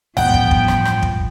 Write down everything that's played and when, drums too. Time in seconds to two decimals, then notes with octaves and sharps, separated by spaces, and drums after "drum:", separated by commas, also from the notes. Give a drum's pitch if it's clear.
0.17 A1 G2 F3 B3 F#5 G5, drum: tom
0.34 drum: kick
0.51 drum: kick
0.68 drum: rim click
0.85 drum: rim click
1.03 drum: kick